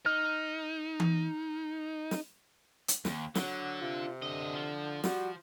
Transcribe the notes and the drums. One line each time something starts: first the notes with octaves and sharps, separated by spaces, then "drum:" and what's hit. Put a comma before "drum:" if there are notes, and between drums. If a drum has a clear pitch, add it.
D#4 F6
drum: tom E3
drum: snare
drum: hi-hat
D#2, drum: snare
D3 F#3, drum: snare
C3 F4
F#2 D3 D#5
F3
G3 F#4, drum: snare